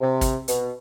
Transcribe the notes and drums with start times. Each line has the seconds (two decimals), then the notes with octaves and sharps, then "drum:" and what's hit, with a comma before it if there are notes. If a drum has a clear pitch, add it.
0.01 C3
0.21 drum: kick, hi-hat
0.48 B2, drum: hi-hat